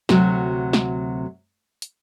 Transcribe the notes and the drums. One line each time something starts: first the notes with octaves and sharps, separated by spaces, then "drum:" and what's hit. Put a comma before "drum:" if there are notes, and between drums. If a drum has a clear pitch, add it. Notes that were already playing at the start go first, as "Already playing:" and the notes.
D2 C3 F#3 F#4, drum: snare
drum: snare
drum: hi-hat